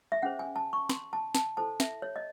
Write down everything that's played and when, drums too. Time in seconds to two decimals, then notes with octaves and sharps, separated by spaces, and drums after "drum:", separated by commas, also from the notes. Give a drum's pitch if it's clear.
0.12 E5
0.22 C#4 G#4 C5 F#5
0.39 G#5
0.56 A5
0.73 C#6
0.89 C6, drum: snare
1.13 A5
1.35 A5, drum: snare
1.57 E4 A4 C5 A5
1.80 E5, drum: snare
2.02 C#5
2.16 D#5